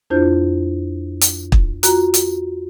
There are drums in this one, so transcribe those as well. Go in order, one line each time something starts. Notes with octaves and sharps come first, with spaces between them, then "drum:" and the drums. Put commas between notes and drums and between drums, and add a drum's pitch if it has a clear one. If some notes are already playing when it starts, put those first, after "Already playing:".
F2 D4 E4 F4 C5 G6
drum: hi-hat
drum: kick
F4 F#4 A#5 F#6, drum: hi-hat
drum: hi-hat